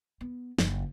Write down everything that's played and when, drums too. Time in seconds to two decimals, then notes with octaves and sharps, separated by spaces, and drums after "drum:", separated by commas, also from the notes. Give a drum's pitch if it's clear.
0.21 B3
0.58 F#1, drum: snare